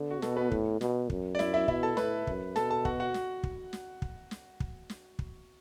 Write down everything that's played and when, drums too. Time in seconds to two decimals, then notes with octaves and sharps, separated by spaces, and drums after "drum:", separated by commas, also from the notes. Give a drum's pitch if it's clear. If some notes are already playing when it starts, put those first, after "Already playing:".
Already playing: D3 B3
0.11 F#4
0.22 B2 A4, drum: snare
0.37 B3 B4
0.51 A2, drum: kick
0.81 B2, drum: snare
1.10 F#2, drum: kick
1.35 D5
1.39 E4 E5, drum: snare
1.54 E4 E5
1.68 B2 E4 E5, drum: kick
1.83 A4 A5
1.97 A2 B4 B5, drum: snare
2.27 F#2, drum: kick
2.56 B2 A4 A5, drum: snare
2.71 A4 A5
2.85 F#4 F#5, drum: kick
3.00 F#4 F#5
3.14 drum: snare
3.43 drum: kick
3.73 drum: snare
4.02 drum: kick
4.31 drum: snare
4.60 drum: kick
4.90 drum: snare
5.19 drum: kick